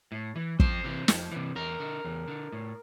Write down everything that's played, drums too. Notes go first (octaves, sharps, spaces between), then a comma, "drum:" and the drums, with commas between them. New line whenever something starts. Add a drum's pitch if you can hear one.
A2
E3
F2 C5, drum: kick
C3 E3
F2, drum: snare
C3 E3
E2 A#4
D3
E2
D3
A2